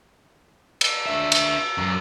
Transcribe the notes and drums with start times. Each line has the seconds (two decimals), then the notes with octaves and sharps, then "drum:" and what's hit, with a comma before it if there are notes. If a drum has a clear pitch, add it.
0.81 drum: cymbal
1.06 D4 E5
1.32 drum: cymbal
1.78 F#2